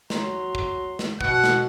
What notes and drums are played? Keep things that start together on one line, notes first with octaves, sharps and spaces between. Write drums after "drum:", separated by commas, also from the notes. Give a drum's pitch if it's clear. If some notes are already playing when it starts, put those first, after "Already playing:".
F#3 A#5 C6, drum: snare
drum: kick
drum: snare
B2 F#5, drum: kick
drum: snare